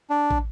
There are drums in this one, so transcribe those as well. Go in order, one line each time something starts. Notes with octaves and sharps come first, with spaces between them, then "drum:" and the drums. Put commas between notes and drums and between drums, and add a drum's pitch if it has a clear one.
D4
drum: kick